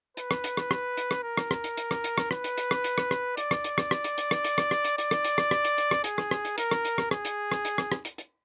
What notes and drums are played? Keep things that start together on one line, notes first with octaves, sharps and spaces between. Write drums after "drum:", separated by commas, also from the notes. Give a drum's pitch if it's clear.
B4, drum: hi-hat
drum: rim click
drum: hi-hat
drum: rim click
drum: rim click
drum: hi-hat
drum: rim click
A#4
drum: rim click
drum: rim click
drum: hi-hat
drum: hi-hat
drum: rim click
drum: hi-hat
drum: rim click
B4, drum: rim click
drum: hi-hat
drum: hi-hat
drum: rim click
drum: hi-hat
drum: rim click
drum: rim click
D5, drum: hi-hat
drum: rim click
drum: hi-hat
drum: rim click
drum: rim click
drum: hi-hat
drum: hi-hat
drum: rim click
drum: hi-hat
drum: rim click
drum: rim click
drum: hi-hat
D5, drum: hi-hat
drum: rim click
drum: hi-hat
drum: rim click
drum: rim click
drum: hi-hat
drum: hi-hat
drum: rim click
G#4, drum: hi-hat
drum: rim click
drum: rim click
drum: hi-hat
A#4, drum: hi-hat
drum: rim click
drum: hi-hat
drum: rim click
G#4, drum: rim click
drum: hi-hat
drum: rim click
drum: hi-hat
drum: rim click
drum: rim click
drum: hi-hat
drum: hi-hat